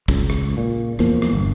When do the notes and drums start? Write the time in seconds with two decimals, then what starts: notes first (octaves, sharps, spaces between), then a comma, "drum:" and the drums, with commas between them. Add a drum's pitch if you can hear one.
0.08 C#2, drum: kick
0.30 drum: rim click
0.57 A#2
0.99 D1 E2 F3 A#3, drum: rim click
1.22 drum: rim click
1.33 G1